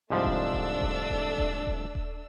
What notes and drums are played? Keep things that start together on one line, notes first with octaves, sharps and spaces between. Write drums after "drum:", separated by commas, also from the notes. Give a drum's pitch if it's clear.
C2 G#2 F3 A3 D4 E6
drum: kick D#1
drum: kick D#1
drum: kick D#1
drum: kick D#1
drum: kick D#1
drum: kick D#1
drum: kick D#1